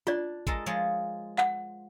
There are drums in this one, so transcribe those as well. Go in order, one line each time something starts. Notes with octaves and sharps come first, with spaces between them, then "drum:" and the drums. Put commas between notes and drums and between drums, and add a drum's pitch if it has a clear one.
D4 F4 D5
G#3 A4 A#4, drum: kick A1
F3 G#3 C#5
F#5, drum: clap